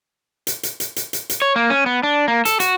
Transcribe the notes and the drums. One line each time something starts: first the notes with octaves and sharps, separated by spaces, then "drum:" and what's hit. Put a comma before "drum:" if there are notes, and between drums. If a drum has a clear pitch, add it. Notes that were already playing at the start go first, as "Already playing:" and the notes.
drum: hi-hat
drum: hi-hat
drum: hi-hat
drum: hi-hat
drum: hi-hat
drum: hi-hat
C#5
A#3
C#4
B3
D4
A#3
A4, drum: hi-hat
F#4, drum: hi-hat